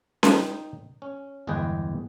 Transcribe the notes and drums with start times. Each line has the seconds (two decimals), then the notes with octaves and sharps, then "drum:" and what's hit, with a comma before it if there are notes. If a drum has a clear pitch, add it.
0.23 D#4 G5, drum: snare C#4
1.02 C#4
1.47 G1 E2 G#3 G#4 B4 G5